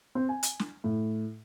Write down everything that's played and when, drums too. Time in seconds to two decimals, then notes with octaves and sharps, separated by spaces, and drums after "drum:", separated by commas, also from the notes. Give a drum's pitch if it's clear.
0.15 C4
0.29 G#5
0.43 drum: hi-hat
0.59 drum: snare
0.84 A2